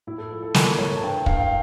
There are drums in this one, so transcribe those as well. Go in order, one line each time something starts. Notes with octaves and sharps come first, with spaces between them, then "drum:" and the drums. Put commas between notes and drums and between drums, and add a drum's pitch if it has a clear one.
A2 E4
A4
F3 A4
A4
F3 A#4, drum: snare
A2 C#5
A5
G2 G5
G2 F5, drum: kick
G5
F5